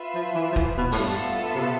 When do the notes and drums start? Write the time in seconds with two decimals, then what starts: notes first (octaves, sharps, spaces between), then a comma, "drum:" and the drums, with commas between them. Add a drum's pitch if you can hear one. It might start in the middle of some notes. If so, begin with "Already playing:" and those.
Already playing: F4 B4 E5
0.15 F3
0.35 E3
0.52 F3
0.56 E3, drum: kick
0.77 B2
0.92 A2, drum: open hi-hat
0.98 G2 B3 F4 A4 E5
1.55 C3
1.61 B2